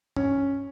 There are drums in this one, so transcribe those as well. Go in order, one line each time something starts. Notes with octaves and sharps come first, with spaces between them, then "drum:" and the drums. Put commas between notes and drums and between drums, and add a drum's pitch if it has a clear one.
C#4, drum: tom G2